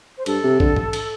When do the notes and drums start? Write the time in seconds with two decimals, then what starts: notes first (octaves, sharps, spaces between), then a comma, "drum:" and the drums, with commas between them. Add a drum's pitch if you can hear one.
0.17 C5
0.26 G2 A4, drum: cymbal
0.43 C3
0.60 D3, drum: kick A#1
0.76 drum: tom G#2
0.93 drum: cymbal